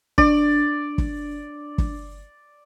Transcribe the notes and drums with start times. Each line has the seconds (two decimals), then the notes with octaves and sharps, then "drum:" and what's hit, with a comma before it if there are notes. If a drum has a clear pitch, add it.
0.18 D4 D5, drum: kick
0.98 drum: kick
1.78 drum: kick